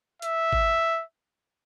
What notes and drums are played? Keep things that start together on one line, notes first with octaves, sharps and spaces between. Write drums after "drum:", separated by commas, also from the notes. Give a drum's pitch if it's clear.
E5, drum: hi-hat
drum: kick G#1